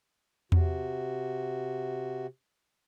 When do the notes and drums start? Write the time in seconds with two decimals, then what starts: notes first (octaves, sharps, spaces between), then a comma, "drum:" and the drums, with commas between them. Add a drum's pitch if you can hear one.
0.52 C3 F#4, drum: tom E2